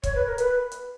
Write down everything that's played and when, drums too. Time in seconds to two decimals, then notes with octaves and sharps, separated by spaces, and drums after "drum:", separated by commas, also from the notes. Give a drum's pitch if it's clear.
0.03 C#5, drum: kick, hi-hat
0.15 B4
0.26 A#4
0.38 B4, drum: hi-hat
0.71 drum: hi-hat